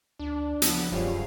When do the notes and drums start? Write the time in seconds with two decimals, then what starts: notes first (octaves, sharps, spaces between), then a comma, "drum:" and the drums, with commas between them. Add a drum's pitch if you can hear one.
0.19 D2 D4
0.62 C#3 E3 F3 B3 D4, drum: hi-hat
0.92 D1 F#2 F3 G3 C#4 G#4 F5